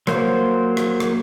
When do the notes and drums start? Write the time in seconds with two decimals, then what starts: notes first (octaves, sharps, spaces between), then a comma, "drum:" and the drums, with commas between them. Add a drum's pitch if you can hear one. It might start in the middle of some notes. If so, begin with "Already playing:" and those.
0.07 F#3 A#3 C5, drum: rim click
0.77 drum: rim click
1.00 drum: rim click